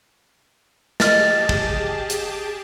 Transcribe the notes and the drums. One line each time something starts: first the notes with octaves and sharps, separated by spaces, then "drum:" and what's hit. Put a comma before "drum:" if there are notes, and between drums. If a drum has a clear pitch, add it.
G4 G#4 D#5 A5 F6 A6, drum: snare
drum: kick
drum: hi-hat